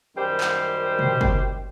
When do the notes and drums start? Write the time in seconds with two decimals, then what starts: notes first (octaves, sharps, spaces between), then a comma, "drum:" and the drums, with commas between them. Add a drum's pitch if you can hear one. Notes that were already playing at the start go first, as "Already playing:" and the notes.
0.17 F#2 D#3 G3 G4 C5
0.40 drum: clap
0.99 drum: tom
1.21 drum: kick F#1